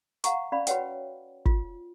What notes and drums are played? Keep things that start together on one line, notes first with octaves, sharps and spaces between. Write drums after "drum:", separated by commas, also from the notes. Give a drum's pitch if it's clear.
F5 F#5 A#5 C#6, drum: hi-hat
C#4 D5 F5 B5
F#4 B4 C#5 F#5 G5, drum: hi-hat
F4, drum: kick